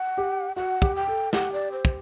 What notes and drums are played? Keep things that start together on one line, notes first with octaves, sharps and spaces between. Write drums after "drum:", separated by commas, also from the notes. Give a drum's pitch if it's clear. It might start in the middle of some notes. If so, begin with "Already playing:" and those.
Already playing: F#5
G4
F#4 F#5
G4, drum: kick
G5
A4
G4 F#5, drum: snare
D5
C5
drum: kick